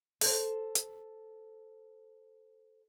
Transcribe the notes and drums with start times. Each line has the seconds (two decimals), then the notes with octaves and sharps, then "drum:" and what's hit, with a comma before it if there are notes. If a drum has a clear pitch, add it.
0.21 A4 C5, drum: open hi-hat
0.75 drum: hi-hat